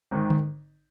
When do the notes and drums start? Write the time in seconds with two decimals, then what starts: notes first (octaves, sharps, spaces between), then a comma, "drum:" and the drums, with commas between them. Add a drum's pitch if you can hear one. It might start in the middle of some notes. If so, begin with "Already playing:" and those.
0.11 G#1 G#2 D#3
0.30 drum: tom D3